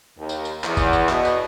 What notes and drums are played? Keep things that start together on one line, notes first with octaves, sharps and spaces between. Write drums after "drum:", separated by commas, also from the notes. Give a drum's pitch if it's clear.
D#2
drum: tambourine
drum: tambourine
E2, drum: clap
drum: kick G1, tambourine
drum: tambourine
B2, drum: clap
drum: tambourine